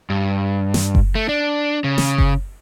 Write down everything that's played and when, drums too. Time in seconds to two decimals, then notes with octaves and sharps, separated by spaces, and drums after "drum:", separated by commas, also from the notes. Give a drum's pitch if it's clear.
0.10 G2
0.74 drum: snare
0.95 drum: kick F#1
1.15 A3
1.29 D4
1.84 C#3
1.98 drum: snare
2.18 drum: kick F#1